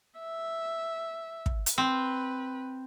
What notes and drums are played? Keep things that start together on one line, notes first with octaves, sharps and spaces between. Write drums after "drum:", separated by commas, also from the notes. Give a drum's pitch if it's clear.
E5
drum: kick
drum: hi-hat
C4 B4